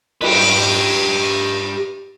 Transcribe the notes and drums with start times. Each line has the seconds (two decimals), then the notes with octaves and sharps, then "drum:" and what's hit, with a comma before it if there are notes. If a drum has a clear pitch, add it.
0.21 G4 B4, drum: cymbal